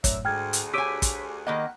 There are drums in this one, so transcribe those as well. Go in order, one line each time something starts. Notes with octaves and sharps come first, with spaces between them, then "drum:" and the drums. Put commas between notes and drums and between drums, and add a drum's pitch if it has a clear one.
G1 F#2 A2 D3 A#4 C#5 E5, drum: kick, hi-hat
D2 G#2 G#4 G5 F6 G#6
drum: hi-hat
G4 C#5 G#5 E6 B6 D7 D#7
drum: kick, hi-hat
D#3 A#3 D#5 F#5 B5